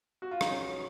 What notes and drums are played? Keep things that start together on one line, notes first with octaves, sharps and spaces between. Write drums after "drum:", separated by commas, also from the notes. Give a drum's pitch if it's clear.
F#4
F4
D#4, drum: rim click
F#3 C#4